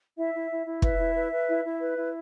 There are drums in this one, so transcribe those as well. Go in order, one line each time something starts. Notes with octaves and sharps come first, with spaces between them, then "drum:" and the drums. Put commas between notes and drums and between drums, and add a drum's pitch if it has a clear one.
E4 E5
E4
E4
E4
B4 E5, drum: kick
E4
B4
B4
E4
E4
B4
E4